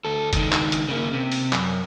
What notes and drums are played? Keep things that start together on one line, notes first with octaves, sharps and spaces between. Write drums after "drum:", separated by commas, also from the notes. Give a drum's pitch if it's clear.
D2 A4
C#2 D#3, drum: kick F#1, hi-hat
drum: clap
drum: hi-hat
C#3 A#3
C3
drum: open hi-hat
F#2, drum: clap